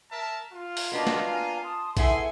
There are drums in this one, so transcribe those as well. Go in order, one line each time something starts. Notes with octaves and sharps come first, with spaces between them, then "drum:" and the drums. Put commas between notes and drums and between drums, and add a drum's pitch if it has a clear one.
A#4 E5 A5
F4
drum: open hi-hat
A#3 B3 D4 F#4 D#5
drum: snare
F5 G#5 A#5
A5 C6 D#6
A3 B3 E4 G#4 F#5 G#5 C6, drum: kick A#1, hi-hat